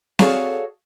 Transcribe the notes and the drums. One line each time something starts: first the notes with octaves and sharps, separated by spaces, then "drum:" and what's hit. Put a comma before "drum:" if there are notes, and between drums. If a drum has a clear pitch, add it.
F#4 G#4 A4 C#5 D5 F5, drum: snare C4